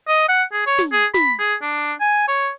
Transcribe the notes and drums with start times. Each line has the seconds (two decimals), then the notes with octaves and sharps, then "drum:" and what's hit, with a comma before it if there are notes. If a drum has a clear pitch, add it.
0.08 D#5
0.29 F#5
0.53 G#4
0.67 C#5
0.79 drum: snare
0.92 G#4
1.14 B5, drum: snare
1.39 G#4
1.62 D4
2.00 G#5
2.28 C#5